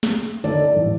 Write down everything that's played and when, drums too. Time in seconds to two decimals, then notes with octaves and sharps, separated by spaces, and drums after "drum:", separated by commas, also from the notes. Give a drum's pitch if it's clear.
0.03 drum: snare
0.44 D3 D#3 A3 D5
0.76 A1 A2